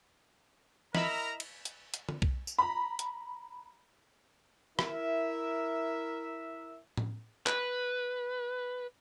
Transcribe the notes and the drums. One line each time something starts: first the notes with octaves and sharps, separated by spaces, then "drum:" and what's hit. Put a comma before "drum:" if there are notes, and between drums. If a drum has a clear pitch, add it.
E4 A#4 D#5 A#5 B5 E6, drum: snare
drum: cymbal
drum: hi-hat
drum: hi-hat
drum: tom D3
drum: kick B1
drum: tambourine
A#5 B5
drum: hi-hat
E4 A#4 E5, drum: rim click
drum: tom A2
B4, drum: clap